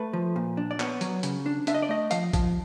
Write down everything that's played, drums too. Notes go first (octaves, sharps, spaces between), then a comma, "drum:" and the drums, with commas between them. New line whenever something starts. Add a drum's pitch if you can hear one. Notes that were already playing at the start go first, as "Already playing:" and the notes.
Already playing: A3 B4
F3
A#2
D4
D5
B3 C#5, drum: clap
F#3, drum: hi-hat
C#3, drum: hi-hat
D4
D4 E5, drum: hi-hat
D#5
D5
A3 D#5
F3 F5, drum: hi-hat
F3, drum: kick A1, hi-hat